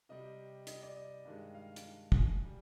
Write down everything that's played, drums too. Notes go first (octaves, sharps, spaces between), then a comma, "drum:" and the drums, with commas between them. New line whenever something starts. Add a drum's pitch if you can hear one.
C3 G3 D#5
D#5, drum: hi-hat
D5
D#5
G2 D#3 G#3
F5
drum: hi-hat
G#5, drum: kick
G3